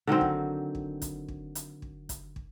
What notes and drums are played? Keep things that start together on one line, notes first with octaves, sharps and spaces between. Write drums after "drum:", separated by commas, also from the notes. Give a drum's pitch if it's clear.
D3 D#3 F#3 C4
drum: kick
drum: kick
drum: kick, hi-hat
drum: kick
drum: hi-hat
drum: kick
drum: kick, hi-hat
drum: kick